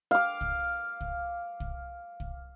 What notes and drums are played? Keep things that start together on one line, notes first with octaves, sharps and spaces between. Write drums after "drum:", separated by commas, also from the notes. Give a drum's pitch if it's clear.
F5 D6
drum: kick
drum: kick
drum: kick
drum: kick